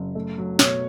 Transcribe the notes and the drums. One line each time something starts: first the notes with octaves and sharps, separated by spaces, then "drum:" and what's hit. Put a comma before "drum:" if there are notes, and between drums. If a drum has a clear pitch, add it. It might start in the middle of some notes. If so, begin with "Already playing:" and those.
Already playing: F#1
A3
F#3
B2 C#5, drum: snare